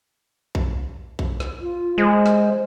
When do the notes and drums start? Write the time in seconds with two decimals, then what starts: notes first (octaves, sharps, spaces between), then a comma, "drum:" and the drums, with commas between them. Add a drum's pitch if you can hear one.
0.55 drum: kick B1
1.19 drum: kick B1
1.40 drum: snare
1.62 F4
1.98 G#3 C5
2.26 drum: snare